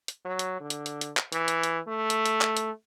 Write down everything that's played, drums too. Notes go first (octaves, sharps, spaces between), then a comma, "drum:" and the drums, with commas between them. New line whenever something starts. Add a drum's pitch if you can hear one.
drum: hi-hat
F#3
drum: hi-hat
D3
drum: hi-hat
drum: hi-hat
drum: hi-hat
drum: clap
E3, drum: hi-hat
drum: hi-hat
drum: hi-hat
A3
drum: hi-hat
drum: hi-hat
drum: clap
drum: hi-hat